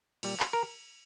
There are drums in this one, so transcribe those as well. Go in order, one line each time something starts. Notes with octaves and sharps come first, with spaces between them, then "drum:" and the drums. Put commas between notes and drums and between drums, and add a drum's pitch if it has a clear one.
A#2 G3, drum: cymbal
drum: clap
A#4